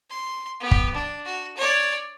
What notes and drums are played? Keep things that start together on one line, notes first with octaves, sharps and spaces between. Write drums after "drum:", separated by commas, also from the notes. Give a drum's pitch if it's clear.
C6
B3 G4
drum: kick
D4
F#4
C#5 D5